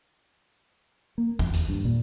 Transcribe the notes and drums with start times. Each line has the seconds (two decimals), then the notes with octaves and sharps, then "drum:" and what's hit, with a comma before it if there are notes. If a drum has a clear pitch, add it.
1.18 A#3
1.39 F2, drum: kick
1.53 D#2, drum: hi-hat
1.69 G2
1.85 A#2